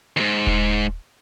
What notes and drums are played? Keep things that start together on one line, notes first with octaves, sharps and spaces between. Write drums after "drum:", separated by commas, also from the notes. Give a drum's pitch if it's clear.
D#2 G#2
drum: kick D#1